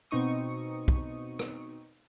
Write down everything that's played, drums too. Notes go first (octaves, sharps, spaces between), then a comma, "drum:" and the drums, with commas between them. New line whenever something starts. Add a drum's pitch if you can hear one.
B2 C4 D#4 C#6 D#6
drum: kick
drum: rim click